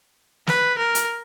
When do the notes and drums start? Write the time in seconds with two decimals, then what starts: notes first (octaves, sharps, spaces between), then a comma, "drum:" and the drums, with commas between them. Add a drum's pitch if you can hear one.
0.47 B4, drum: snare
0.78 A#4
0.95 drum: hi-hat